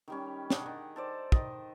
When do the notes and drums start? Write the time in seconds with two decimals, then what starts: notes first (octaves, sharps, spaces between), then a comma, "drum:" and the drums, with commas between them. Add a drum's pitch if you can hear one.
0.08 D#3 G3 C#4
0.50 D4 G#4 F#5, drum: snare
0.66 D#3
0.96 A4 C5 D5
1.32 D#3 D#5, drum: kick